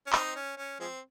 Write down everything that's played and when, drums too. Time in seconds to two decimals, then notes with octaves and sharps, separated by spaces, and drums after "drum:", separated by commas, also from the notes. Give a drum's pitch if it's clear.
0.07 C#4
0.13 C4 D#4, drum: clap
0.35 C#4
0.57 C#4
0.80 F3 G#3 C4